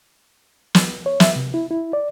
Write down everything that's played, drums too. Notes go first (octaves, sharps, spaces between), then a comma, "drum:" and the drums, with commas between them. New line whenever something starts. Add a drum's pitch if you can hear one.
drum: snare
C#5
E5, drum: snare
C3
E4
E4
D5